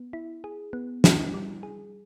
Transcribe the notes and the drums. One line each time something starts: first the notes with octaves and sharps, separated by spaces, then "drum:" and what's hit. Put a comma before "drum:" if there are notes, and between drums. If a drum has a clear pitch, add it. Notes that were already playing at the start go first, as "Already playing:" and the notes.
Already playing: B3
E4
G#4
B3
E4, drum: snare
G3
G#4